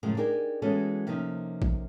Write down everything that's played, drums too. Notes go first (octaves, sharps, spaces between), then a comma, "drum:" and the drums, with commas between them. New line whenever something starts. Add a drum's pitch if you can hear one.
F#2 A2 C#3 F3 G#3
D4 D#4 G4 G#4 A#4
E3 G#3 B3 C#4 F#4 A4
C3 F3 A#3 C#4 D#4
drum: kick A1